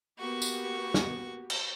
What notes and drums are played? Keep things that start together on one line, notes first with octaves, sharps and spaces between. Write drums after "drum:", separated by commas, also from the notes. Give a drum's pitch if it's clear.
A#3 B3 F#4 G4 C#6
drum: tambourine
drum: snare
drum: cymbal